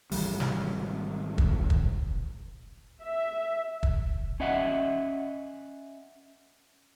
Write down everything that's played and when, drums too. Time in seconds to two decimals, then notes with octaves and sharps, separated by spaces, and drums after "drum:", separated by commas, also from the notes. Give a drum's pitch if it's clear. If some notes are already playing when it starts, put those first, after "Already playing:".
0.12 G#1 C#2 E3 G3, drum: open hi-hat
0.40 drum: snare
1.38 drum: kick
1.70 drum: kick
3.03 E5
3.83 drum: kick
4.40 C#4 D#5 E5 F#5